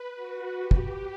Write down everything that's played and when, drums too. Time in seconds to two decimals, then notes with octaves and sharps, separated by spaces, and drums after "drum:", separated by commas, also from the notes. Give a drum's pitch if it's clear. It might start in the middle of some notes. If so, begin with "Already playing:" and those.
Already playing: B4
0.16 F#4
0.61 G4
0.71 drum: kick